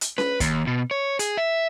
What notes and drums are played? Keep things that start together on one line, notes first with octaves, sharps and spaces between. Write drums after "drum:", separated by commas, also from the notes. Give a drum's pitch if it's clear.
drum: hi-hat
B4, drum: snare C#4
D#2, drum: kick, hi-hat
B2
C#5
G#4, drum: hi-hat
E5